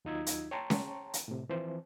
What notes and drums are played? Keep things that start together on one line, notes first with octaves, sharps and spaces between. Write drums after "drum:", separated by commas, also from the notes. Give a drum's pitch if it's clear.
D#2 F#3 D#4 F4 E6 G#6
drum: hi-hat
C#5 G5 A5 A#5 C6 C#6
drum: snare C#4
drum: hi-hat
A2 C3
E3 F3 C4 C5